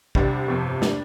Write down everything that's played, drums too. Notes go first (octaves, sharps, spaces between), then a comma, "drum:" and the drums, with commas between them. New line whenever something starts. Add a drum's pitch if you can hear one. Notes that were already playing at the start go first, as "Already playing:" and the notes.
C2 C3 G3 D4, drum: kick
G1 F2 C3
G3 D4, drum: snare